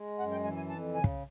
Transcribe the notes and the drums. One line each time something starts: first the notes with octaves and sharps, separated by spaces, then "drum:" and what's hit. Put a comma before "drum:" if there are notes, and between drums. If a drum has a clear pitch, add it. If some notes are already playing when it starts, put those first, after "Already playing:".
Already playing: G#3
F#2 F#5
G5
E3 G#5
G#5
F2 A5
C#3 G#5
drum: kick